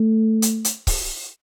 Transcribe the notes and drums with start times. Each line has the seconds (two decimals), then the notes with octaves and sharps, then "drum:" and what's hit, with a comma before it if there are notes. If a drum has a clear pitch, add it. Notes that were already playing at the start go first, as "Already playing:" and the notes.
Already playing: A3
0.42 drum: hi-hat
0.65 drum: hi-hat
0.87 drum: kick C#1, open hi-hat